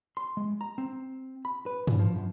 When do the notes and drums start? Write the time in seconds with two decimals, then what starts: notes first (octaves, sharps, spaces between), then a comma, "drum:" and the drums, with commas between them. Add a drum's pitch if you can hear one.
0.17 C6
0.37 G#3
0.61 A#5
0.78 C4
1.45 B5
1.66 B4
1.87 E2, drum: tom G2
2.00 F3
2.15 F#2